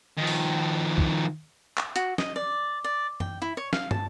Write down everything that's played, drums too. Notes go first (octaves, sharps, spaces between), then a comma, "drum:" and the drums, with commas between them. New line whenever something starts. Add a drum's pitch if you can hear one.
D#3 F3
drum: open hi-hat
drum: kick
drum: clap
F#4, drum: hi-hat
D#5, drum: snare
D5
D5
G5, drum: tom F#2
E4
C#5
F5, drum: snare
A5, drum: tom